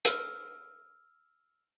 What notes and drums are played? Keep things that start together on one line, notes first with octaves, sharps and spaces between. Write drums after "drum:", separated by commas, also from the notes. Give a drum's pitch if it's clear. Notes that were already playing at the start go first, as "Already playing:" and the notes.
E6 F6, drum: hi-hat